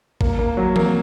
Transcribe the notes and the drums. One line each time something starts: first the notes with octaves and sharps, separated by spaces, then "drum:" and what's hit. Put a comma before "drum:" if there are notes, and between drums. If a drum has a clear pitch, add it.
A#3, drum: kick G#1
A#3
F#3
A#3, drum: tom E3